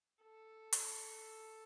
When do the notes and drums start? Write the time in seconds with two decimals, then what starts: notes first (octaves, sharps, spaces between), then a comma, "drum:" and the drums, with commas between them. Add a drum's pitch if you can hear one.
0.23 A4
0.73 drum: hi-hat